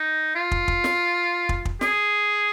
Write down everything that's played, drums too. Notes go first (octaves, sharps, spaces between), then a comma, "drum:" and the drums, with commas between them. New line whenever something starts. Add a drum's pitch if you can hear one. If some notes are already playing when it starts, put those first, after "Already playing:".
Already playing: D#4
F4
drum: kick
drum: kick
drum: snare
drum: kick
drum: kick
G#4, drum: snare